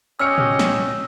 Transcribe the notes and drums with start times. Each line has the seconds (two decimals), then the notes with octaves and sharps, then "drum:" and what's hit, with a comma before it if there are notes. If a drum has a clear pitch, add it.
0.19 C#4 G4 C#5 D#5 E6 F6 C#7
0.38 drum: tom
0.59 drum: snare